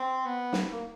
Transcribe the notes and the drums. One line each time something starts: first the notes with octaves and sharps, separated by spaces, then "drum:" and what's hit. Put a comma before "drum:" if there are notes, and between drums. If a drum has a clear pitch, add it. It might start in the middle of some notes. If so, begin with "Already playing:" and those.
Already playing: C4
B3
drum: snare
A#3